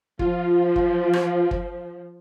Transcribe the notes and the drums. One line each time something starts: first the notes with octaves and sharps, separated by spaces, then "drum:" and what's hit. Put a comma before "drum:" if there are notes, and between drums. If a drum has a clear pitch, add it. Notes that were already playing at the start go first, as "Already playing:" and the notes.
F3 F4, drum: kick
drum: kick
drum: rim click
drum: kick